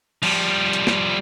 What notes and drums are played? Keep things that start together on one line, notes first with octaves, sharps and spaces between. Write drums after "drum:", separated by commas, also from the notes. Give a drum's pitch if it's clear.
F3 G3, drum: cymbal
drum: hi-hat
drum: snare